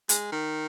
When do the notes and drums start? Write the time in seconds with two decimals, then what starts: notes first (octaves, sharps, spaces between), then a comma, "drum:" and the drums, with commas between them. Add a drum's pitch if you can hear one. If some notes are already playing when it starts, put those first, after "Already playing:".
0.09 G#3, drum: hi-hat
0.32 D#3